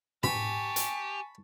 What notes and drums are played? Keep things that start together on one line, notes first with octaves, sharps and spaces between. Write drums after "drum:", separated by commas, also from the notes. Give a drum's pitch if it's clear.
G4 G#5 A5 B5 C#6, drum: tom
drum: hi-hat